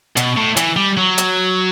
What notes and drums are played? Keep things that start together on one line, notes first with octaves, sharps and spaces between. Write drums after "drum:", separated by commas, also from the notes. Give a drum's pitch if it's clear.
B2, drum: hi-hat
A2
E3, drum: hi-hat
G3
F#3
drum: hi-hat